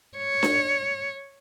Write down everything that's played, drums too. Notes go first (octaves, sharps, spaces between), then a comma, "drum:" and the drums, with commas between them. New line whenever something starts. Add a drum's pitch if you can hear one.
C#5
drum: snare D4